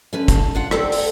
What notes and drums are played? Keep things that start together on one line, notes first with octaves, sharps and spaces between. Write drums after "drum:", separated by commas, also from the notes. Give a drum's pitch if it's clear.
D3 E3 C#4 B4
A5, drum: kick, hi-hat
D4 F4 F#5
C4 A4 D5, drum: rim click
drum: open hi-hat